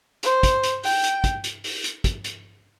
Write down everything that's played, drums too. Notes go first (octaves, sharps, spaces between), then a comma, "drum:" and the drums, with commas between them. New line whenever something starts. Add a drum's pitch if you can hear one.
C5, drum: hi-hat
drum: kick, hi-hat
drum: hi-hat
G5, drum: open hi-hat
drum: hi-hat
drum: kick, hi-hat
drum: hi-hat
drum: open hi-hat
drum: hi-hat
drum: kick, hi-hat
drum: hi-hat